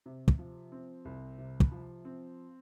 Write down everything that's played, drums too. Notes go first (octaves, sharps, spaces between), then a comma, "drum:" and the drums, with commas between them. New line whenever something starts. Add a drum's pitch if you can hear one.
C3
drum: kick
F3
C4
C2
C3
drum: kick
F3
C4